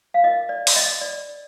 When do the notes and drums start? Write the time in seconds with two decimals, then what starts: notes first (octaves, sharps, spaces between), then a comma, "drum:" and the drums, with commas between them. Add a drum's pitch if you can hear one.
0.14 F5
0.24 F4 A#4 D#5
0.49 D5
0.67 drum: open hi-hat
0.76 D#5
1.01 D5